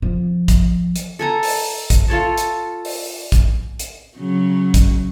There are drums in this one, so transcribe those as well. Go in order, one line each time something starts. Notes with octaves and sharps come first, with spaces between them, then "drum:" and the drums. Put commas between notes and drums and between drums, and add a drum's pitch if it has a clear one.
F3
drum: kick, hi-hat
drum: hi-hat
A4 G#5 A#5
drum: open hi-hat
drum: kick, hi-hat
F4 A4 C#5 A5
drum: hi-hat
drum: open hi-hat
drum: kick, hi-hat
drum: hi-hat
C#3 F#3
drum: kick, hi-hat